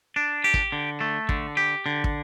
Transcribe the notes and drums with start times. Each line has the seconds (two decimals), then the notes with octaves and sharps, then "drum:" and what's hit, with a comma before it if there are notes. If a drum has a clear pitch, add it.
0.16 D4
0.44 G4
0.54 drum: kick
0.72 D3
1.01 A3
1.29 D3, drum: kick
1.57 G4
1.86 D3
2.04 drum: kick